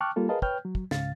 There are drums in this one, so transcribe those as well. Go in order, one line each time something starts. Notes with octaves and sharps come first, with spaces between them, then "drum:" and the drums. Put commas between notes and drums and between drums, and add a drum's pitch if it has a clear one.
G5 A5 C#6 D6 F6 F#6
G3 A#3 F4 A4
G#4 A#4 B4 D#5 F5 A5
B4 C#5 G5 F6 G6, drum: kick
F#3
drum: kick
C#2 G#2 C#3 F5 A6, drum: snare